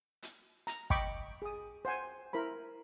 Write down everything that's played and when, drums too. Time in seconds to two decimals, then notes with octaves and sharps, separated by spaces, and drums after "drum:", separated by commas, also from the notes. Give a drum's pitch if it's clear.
0.23 drum: hi-hat
0.67 A#5, drum: hi-hat
0.90 D#5 G5 B5 C#6 D6, drum: kick
1.42 G#4 D#6
1.85 C5 F#5 G#5
2.33 E4 A#4 C5 B5